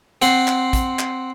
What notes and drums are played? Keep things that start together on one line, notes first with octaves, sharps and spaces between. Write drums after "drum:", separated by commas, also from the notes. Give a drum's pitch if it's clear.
C4 F#5 C6, drum: hi-hat
drum: clap
drum: kick, hi-hat
drum: clap